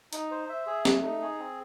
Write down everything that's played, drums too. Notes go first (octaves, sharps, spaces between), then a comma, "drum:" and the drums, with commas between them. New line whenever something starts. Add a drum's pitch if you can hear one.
D#4, drum: hi-hat
C5
E5
G#4
A3, drum: snare
D#4
G#4
C4